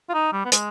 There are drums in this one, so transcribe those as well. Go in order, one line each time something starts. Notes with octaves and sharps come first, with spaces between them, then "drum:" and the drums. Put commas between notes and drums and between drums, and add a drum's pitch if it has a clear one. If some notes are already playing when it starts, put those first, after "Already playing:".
F4
D#4
G3
B3
G#3, drum: hi-hat